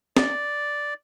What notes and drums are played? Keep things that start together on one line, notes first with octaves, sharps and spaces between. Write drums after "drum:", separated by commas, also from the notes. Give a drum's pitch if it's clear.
D5, drum: snare